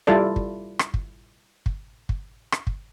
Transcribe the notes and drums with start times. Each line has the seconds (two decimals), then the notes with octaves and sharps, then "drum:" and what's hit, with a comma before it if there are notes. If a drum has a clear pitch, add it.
0.07 G3 E4 F4 A4 D5
0.36 drum: kick
0.79 drum: rim click
0.94 drum: kick
1.66 drum: kick
2.09 drum: kick
2.52 drum: rim click
2.67 drum: kick